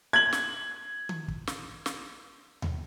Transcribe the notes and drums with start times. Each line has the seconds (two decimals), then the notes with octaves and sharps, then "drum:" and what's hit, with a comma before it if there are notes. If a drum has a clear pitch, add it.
0.13 G#6 F#7
0.33 drum: snare
1.09 drum: tom D#3
1.28 drum: kick
1.47 drum: snare
1.86 drum: snare
2.62 drum: tom D#2